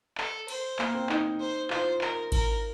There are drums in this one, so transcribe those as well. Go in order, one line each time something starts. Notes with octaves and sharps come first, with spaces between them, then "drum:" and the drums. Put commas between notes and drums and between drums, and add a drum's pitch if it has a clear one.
A4, drum: clap
C5, drum: cymbal
A#3, drum: clap
C4
D#4, drum: clap
C5
F4 C5, drum: clap
A#4, drum: clap
A#4, drum: kick G#1, cymbal